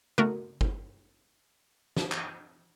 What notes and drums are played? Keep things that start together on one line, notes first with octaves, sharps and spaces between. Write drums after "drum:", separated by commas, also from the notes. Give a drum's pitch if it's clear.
A3 F#4 A#4, drum: tom C#3
drum: kick G1
drum: snare
drum: clap